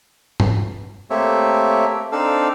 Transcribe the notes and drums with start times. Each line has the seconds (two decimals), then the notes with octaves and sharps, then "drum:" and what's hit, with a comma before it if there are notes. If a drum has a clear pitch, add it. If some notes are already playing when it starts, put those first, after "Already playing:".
0.40 drum: tom G#2
1.10 A3 A#3 C4 G4 C#5 E5
2.12 C4 D4 D#4 A4 F5 E6